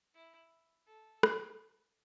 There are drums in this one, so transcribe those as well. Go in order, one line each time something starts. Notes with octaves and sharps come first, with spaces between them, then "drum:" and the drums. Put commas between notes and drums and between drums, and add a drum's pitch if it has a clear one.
E4
A4
drum: rim click